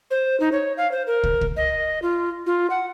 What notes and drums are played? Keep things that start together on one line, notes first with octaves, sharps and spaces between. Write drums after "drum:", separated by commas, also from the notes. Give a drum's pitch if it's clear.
C5
D#4
C#5
F5
C5
A#4
drum: kick
drum: kick
D#5
F4
F4
F#5